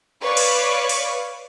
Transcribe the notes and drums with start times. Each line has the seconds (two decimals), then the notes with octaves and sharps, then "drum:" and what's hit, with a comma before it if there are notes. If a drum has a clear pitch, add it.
0.22 B4 C#5 D5 F5 C#6
0.37 drum: cymbal
0.89 drum: open hi-hat